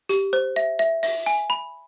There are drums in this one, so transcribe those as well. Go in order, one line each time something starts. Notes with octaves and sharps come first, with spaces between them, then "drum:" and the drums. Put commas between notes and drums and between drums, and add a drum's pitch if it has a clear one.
G4, drum: hi-hat
C5
E5
E5
E5, drum: open hi-hat
G#5
B5